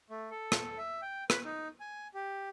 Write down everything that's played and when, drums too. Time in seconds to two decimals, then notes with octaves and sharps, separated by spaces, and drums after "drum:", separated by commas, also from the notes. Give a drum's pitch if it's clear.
0.10 A3
0.30 A4
0.52 drum: rim click
0.78 E5
1.02 G5
1.30 B4, drum: rim click
1.45 D#4
1.80 G#5
2.14 G4